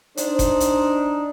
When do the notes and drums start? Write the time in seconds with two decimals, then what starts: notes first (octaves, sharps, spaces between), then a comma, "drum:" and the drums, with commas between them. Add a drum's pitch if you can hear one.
0.17 D4 D#4 C5, drum: hi-hat
0.39 drum: kick F#1, hi-hat
0.60 drum: hi-hat